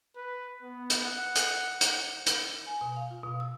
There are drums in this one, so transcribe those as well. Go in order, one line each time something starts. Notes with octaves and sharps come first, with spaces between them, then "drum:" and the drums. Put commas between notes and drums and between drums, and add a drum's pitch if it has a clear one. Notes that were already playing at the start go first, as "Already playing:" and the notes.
B4
B3
drum: hi-hat
F#5
drum: hi-hat
drum: hi-hat
drum: hi-hat
G#5
B2
F5
F4
B2
E6